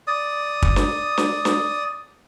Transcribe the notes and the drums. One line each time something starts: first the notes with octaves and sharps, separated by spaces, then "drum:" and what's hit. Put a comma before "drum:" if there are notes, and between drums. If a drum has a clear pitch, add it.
D5 D#6
drum: kick
drum: snare
drum: snare
drum: snare